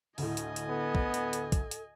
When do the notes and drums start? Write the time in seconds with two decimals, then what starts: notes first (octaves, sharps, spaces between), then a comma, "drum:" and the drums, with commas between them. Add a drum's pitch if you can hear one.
0.18 D2 A2 D#5 G#5, drum: open hi-hat
0.37 drum: hi-hat
0.56 drum: hi-hat
0.69 B3 A4
0.95 drum: kick
1.14 drum: hi-hat
1.33 drum: hi-hat
1.52 drum: kick, hi-hat
1.71 drum: hi-hat